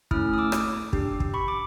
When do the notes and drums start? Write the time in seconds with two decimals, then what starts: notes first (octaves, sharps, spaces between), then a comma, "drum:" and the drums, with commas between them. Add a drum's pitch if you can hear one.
0.11 A3 C#4 E4 D#6 F6, drum: kick
0.34 D#6
0.38 D6 E6
0.52 drum: rim click
0.93 D4 G4, drum: kick
1.20 drum: kick
1.34 B5 C#6
1.48 D6